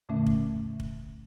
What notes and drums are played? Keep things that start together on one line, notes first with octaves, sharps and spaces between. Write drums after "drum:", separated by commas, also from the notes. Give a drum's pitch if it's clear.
F2 A#2 D3 A3 C#4 E5
drum: kick
drum: kick